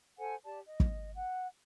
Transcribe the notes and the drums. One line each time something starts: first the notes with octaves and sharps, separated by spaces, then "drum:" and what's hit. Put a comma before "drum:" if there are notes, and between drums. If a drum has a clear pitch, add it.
A4 C5 F#5 G#5
G4 D5 A5
D#5
drum: kick
F#5